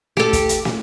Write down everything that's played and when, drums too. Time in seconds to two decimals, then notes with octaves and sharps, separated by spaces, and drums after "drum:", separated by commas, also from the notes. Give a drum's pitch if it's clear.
0.17 G4 A4, drum: snare
0.33 drum: kick, hi-hat
0.49 drum: hi-hat
0.65 drum: snare